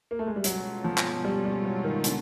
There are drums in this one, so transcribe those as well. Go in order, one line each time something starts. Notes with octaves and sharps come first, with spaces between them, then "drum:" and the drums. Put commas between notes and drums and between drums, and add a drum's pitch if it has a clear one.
A#3
A3
G#3
G3
B2 F#3 G#3 C#4 F4 A4, drum: hi-hat
F3
drum: clap
G3
G3
F#3
D#3
D3, drum: hi-hat